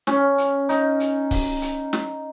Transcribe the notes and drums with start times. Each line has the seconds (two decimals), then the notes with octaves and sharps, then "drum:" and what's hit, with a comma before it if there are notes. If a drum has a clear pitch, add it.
0.07 C#4, drum: snare
0.38 drum: hi-hat
0.69 D#4, drum: hi-hat
1.00 drum: hi-hat
1.31 drum: kick, open hi-hat
1.62 drum: hi-hat
1.93 drum: snare